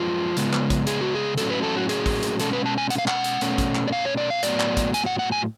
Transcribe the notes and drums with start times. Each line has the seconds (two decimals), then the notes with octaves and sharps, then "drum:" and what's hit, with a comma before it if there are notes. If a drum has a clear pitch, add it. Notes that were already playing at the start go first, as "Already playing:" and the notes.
Already playing: F#2 F3 G#3 F4
0.37 C#3 G#3 B3, drum: hi-hat
0.53 drum: clap
0.70 drum: kick, hi-hat
0.87 G#4, drum: hi-hat
1.01 F#4
1.14 G#4
1.38 A2 F#3 C#4 A4, drum: hi-hat
1.50 B4
1.63 A4
1.77 F#4
1.89 G#4, drum: hi-hat
2.06 drum: kick, open hi-hat
2.23 drum: hi-hat
2.40 B2 G#3 C#4 A4, drum: hi-hat
2.53 B4
2.66 A5
2.78 G#5
2.90 F#5, drum: hi-hat
2.98 F5
3.08 F#5, drum: clap
3.24 drum: hi-hat
3.41 B2 A3 C#4, drum: hi-hat
3.58 drum: kick, hi-hat
3.75 drum: clap
3.88 D5
3.92 F5
4.05 C#5
4.17 D5
4.30 F5
4.43 A2 F#3 B3 D5, drum: hi-hat
4.60 drum: clap
4.77 drum: kick, hi-hat
4.94 G#5, drum: hi-hat
5.06 F#5
5.19 F#5
5.32 G#5